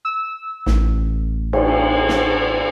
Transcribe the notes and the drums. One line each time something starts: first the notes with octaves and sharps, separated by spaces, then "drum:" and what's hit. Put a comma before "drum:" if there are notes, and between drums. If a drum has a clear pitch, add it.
E6
A1, drum: snare
drum: cymbal
drum: snare